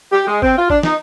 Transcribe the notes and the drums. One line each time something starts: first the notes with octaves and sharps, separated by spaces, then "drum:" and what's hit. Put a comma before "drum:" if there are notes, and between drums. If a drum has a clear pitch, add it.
G4
G#3
C4, drum: kick G#1
F4
D4, drum: kick G#1
D#4, drum: snare